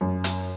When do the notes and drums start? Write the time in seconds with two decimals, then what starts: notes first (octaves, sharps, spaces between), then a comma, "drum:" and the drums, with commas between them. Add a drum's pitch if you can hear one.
0.01 F#2
0.24 drum: hi-hat